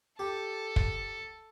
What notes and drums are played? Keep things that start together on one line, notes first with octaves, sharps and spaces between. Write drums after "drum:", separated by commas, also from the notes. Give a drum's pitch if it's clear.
G4 A4
drum: kick